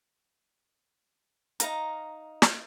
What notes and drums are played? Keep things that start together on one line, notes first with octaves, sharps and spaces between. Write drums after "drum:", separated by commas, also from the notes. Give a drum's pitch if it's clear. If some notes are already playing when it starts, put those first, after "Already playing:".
D#4 F5 A#5, drum: hi-hat
drum: snare